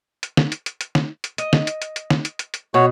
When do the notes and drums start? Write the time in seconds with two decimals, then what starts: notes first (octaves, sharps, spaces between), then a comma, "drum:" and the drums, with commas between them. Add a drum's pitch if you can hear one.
0.23 drum: hi-hat
0.37 drum: snare
0.52 drum: hi-hat
0.66 drum: hi-hat
0.81 drum: hi-hat
0.95 drum: snare
1.24 drum: hi-hat
1.38 D#5, drum: hi-hat
1.53 drum: snare
1.67 drum: hi-hat
1.82 drum: hi-hat
1.96 drum: hi-hat
2.10 drum: snare
2.25 drum: hi-hat
2.39 drum: hi-hat
2.54 drum: hi-hat
2.74 B2 F#4 C#5